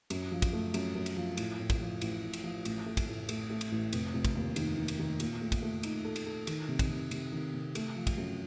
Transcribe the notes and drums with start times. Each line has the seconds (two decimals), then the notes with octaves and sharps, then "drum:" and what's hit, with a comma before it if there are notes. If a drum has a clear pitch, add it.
0.10 F#2, drum: cymbal
0.32 F3
0.42 drum: kick, cymbal
0.53 A3
0.74 F#2, drum: cymbal
0.95 F#2
1.06 drum: cymbal
1.16 F3
1.37 A2, drum: cymbal
1.59 A2
1.70 drum: kick, cymbal
1.80 F3
2.01 A1, drum: cymbal
2.23 A2
2.33 drum: cymbal
2.44 F3
2.65 A1, drum: cymbal
2.86 A3
2.97 drum: kick, cymbal
3.08 A2
3.29 A3, drum: cymbal
3.50 A3
3.61 drum: cymbal
3.72 A1
3.93 F1, drum: cymbal
4.14 F1
4.25 drum: kick, cymbal
4.35 D#2
4.56 D#3, drum: cymbal
4.78 D#3
4.88 drum: cymbal
4.99 D#3
5.20 A#2, drum: cymbal
5.41 A3
5.52 drum: kick, cymbal
5.62 A3
5.83 D#4, drum: cymbal
6.05 A4
6.16 drum: cymbal
6.26 A4
6.47 D#3, drum: cymbal
6.69 C3
6.79 drum: kick, cymbal
6.89 C3
7.11 C3, drum: cymbal
7.33 D#3
7.54 C3
7.75 A3, drum: cymbal
7.96 F3
8.07 drum: kick, cymbal
8.18 F#2